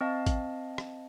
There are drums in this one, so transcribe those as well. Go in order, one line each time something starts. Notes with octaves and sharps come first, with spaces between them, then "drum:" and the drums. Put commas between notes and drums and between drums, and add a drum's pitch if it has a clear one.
C4 D#5 F5 A5
drum: kick, hi-hat
drum: rim click